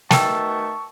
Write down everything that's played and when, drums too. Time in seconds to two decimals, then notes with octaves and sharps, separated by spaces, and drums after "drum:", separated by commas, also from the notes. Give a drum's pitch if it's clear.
0.11 B2 D#3 A3 G5 A5 C#6 E6, drum: snare